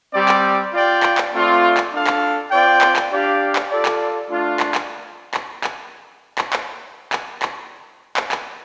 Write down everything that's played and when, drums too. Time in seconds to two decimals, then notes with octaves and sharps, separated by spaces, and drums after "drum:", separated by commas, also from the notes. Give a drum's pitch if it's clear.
0.14 G3 C4 G4 D5
0.29 drum: clap
0.73 F4 D5 G5
1.03 drum: clap
1.18 drum: clap
1.33 A3 C4 F4 D5
1.77 drum: clap
1.93 D4 A4 F5
2.07 drum: clap
2.51 C4 F4 D5 G5
2.81 drum: clap
2.96 drum: clap
3.11 D4 G4 D5 F5
3.56 drum: clap
3.71 F4 A4 D5
3.85 drum: clap
4.30 A3 D4 F4
4.60 drum: clap
4.75 drum: clap
5.34 drum: clap
5.64 drum: clap
6.38 drum: clap
6.53 drum: clap
7.13 drum: clap
7.42 drum: clap
8.17 drum: clap
8.32 drum: clap